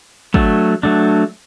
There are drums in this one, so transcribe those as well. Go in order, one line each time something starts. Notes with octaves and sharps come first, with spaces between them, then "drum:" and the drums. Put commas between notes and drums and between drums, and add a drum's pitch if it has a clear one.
F#3 A3 D4, drum: kick
F#3 A3 D4